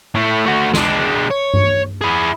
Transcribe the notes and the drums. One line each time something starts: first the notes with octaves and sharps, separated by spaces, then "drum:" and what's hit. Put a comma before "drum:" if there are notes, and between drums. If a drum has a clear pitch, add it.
A2 A3
A3 F#4
G#3 D4, drum: snare
C#5
drum: tom G2
E4 G#4